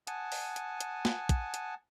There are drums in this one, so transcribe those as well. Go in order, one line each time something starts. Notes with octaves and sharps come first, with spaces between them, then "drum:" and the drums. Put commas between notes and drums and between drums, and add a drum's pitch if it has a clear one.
F#5 G#5 A5 D#6, drum: hi-hat
drum: open hi-hat
drum: hi-hat
drum: hi-hat
drum: snare
drum: kick, hi-hat
drum: hi-hat